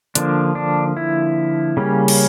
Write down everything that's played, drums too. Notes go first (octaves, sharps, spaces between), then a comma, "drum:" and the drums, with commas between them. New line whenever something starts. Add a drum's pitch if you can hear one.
D3 F3 A#3 D4, drum: hi-hat
D4
E4
C#3 G3 A#3 C#4
drum: cymbal